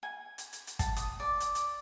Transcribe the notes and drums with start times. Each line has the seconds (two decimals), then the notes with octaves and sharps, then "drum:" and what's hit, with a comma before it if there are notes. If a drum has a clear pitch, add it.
0.03 G#5
0.38 drum: hi-hat
0.53 drum: hi-hat
0.67 drum: hi-hat
0.79 A5, drum: kick, hi-hat
0.97 D#6, drum: hi-hat
1.20 D5
1.40 drum: hi-hat
1.55 drum: hi-hat